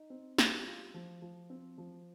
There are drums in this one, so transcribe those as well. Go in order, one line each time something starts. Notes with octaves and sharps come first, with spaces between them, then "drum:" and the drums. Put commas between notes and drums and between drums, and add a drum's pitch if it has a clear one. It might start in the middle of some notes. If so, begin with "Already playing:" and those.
Already playing: D#4
C4
G3, drum: snare
F4
F3
F3
C4
F3